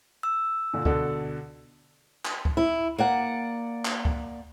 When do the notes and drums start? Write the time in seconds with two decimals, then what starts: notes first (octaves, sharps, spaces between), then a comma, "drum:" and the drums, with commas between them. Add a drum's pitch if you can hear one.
0.23 E6
0.74 A#2 D3
0.85 B2 D3 A4, drum: kick C#2
2.25 drum: clap
2.45 drum: kick C#2
2.57 E4
2.98 A#3 D5 F#5
3.85 drum: clap
4.05 drum: kick C#2